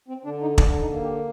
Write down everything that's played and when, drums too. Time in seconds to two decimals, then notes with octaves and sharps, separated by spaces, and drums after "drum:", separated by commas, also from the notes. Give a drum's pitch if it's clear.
0.08 C4
0.25 D3 D4
0.42 D#4
0.58 D3 D4, drum: kick
0.80 D#4
0.91 A#3
1.02 G4